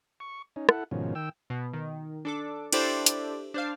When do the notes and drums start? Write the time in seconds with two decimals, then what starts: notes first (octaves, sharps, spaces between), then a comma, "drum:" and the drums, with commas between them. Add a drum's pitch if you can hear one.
0.20 C#6
0.56 C#4 D#4
0.69 E4 A4 F#5, drum: rim click
0.91 G#2 B2 D#3 F3 C#4
1.15 D#3 G5 E6
1.50 B2
1.73 D#3
2.25 D4 A4 D6
2.73 D4 E4 G4 A4 C5 D5, drum: cymbal
3.06 drum: hi-hat
3.54 D4 C5 F5